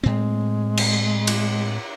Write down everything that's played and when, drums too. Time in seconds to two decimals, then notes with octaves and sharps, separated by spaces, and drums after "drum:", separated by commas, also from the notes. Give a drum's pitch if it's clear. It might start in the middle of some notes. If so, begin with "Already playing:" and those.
0.03 A2 G#3 C4
0.77 drum: cymbal
1.27 drum: cymbal